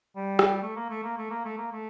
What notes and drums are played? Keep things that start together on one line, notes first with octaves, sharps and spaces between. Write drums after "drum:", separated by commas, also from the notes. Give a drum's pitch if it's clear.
G3
drum: rim click
A3
A#3
A3
A#3
A3
A#3
A3
A#3
A3